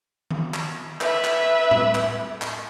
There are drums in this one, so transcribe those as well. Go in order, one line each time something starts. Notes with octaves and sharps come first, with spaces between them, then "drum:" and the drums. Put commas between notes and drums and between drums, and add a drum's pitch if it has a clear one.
drum: tom D#3
drum: clap
B4 E5, drum: clap
drum: clap
drum: tom A2
drum: clap
drum: clap